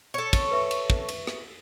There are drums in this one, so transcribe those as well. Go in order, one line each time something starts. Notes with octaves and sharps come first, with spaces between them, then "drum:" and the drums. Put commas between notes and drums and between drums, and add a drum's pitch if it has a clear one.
A4 C#5
drum: kick, cymbal
B4 E5 C#6
drum: cymbal
drum: kick
drum: cymbal
drum: rim click